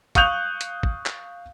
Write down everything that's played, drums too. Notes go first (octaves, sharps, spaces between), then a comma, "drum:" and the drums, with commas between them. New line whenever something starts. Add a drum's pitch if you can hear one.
F5 C#6 D#6 F#6 G6 F7, drum: kick, hi-hat
drum: hi-hat
drum: kick
drum: clap